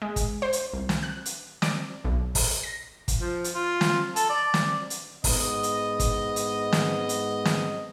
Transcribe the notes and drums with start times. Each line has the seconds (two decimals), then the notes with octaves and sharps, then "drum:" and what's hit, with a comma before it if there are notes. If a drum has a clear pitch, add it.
0.02 G#3
0.16 drum: kick, hi-hat
0.42 C5
0.53 drum: hi-hat
0.73 C2
0.89 drum: snare
1.03 F#6
1.26 drum: hi-hat
1.62 D5, drum: snare
2.05 B1
2.35 drum: kick, open hi-hat
2.63 A#6
3.08 drum: kick, hi-hat
3.19 F3
3.44 drum: hi-hat
3.55 F4
3.81 drum: snare
4.16 A4, drum: hi-hat
4.29 D5
4.54 drum: snare
4.90 drum: hi-hat
5.24 G#2 B3 D#5, drum: kick, open hi-hat
5.63 drum: hi-hat
6.00 drum: kick, hi-hat
6.36 drum: hi-hat
6.73 drum: snare
7.09 drum: hi-hat
7.45 drum: snare